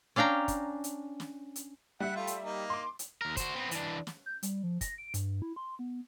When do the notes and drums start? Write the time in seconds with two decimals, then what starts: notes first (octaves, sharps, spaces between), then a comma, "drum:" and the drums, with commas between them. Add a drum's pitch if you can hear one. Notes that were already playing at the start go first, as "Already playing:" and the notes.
0.16 C#4 D4 F5 G5 A#5
0.48 drum: kick, hi-hat
0.84 drum: hi-hat
1.20 drum: snare
1.56 drum: hi-hat
2.00 G3 E5 F#5
2.16 A3 F4
2.27 drum: hi-hat
2.43 A#3 D#4
2.70 C6 D6
2.99 drum: hi-hat
3.22 D#2 A#4
3.37 F#4 C5, drum: kick, hi-hat
3.55 B3 C4
3.71 E3 D4, drum: hi-hat
4.07 drum: snare
4.26 G6
4.43 G3, drum: hi-hat
4.63 F3
4.81 A#6, drum: kick, hi-hat
4.98 D7
5.14 G2, drum: hi-hat
5.42 E4
5.56 C6
5.79 B3